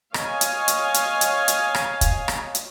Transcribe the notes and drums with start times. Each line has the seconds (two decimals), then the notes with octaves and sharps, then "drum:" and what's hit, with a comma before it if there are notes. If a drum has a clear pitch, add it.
0.14 C#5 D#5 F5 G#5, drum: rim click
0.41 drum: hi-hat
0.68 drum: hi-hat
0.94 drum: hi-hat
1.21 drum: hi-hat
1.48 drum: hi-hat
1.74 drum: rim click
2.01 drum: kick, hi-hat
2.28 drum: rim click
2.55 drum: hi-hat